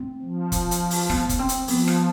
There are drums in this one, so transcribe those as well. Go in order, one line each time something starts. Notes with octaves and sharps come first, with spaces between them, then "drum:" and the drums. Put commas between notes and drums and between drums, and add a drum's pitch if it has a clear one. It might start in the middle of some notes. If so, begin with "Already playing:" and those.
Already playing: C4
F3
drum: kick, hi-hat
drum: hi-hat
drum: open hi-hat
B3, drum: rim click
drum: kick, hi-hat
C4
drum: hi-hat
F3 B3, drum: open hi-hat
drum: rim click